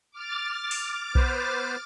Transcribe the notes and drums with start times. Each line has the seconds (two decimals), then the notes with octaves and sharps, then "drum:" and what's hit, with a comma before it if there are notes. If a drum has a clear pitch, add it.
0.11 D6 F6 A6
0.71 drum: open hi-hat
1.15 B3 B4 C5, drum: kick B1